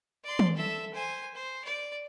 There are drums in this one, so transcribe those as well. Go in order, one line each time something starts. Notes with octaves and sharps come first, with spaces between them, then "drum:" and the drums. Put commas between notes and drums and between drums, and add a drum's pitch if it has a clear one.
D5 C6
drum: tom
A4 E5
C5 G#5
C5
D5